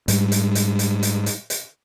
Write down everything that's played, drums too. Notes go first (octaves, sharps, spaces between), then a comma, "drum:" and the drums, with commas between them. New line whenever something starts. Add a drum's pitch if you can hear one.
G#2 G3, drum: hi-hat
drum: hi-hat
drum: hi-hat
drum: hi-hat
drum: hi-hat
drum: hi-hat
drum: hi-hat